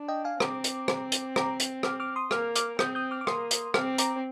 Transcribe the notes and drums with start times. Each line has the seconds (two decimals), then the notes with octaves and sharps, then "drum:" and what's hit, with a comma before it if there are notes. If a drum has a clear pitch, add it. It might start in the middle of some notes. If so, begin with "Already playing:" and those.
Already playing: D4
0.08 D#5 G5
0.25 F5 G#5
0.40 C4 A#5 D6, drum: rim click
0.64 drum: hi-hat
0.88 drum: rim click
1.12 drum: hi-hat
1.36 A#5 D6, drum: rim click
1.60 drum: hi-hat
1.83 D6 F6, drum: rim click
2.00 D6 F6
2.16 C6 D#6
2.31 A#3 D6 F6, drum: rim click
2.56 D6 F6, drum: hi-hat
2.79 C4 D#6 G6, drum: rim click
2.95 D#6 G6
3.11 D6 F6
3.21 D6
3.27 A#3 C6 D#6, drum: rim click
3.51 drum: hi-hat
3.74 C4 D6 F6, drum: rim click
3.98 A#5 D6, drum: hi-hat